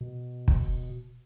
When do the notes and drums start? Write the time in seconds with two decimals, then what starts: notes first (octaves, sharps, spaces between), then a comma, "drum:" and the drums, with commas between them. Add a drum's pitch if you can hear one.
0.01 B2
0.48 drum: kick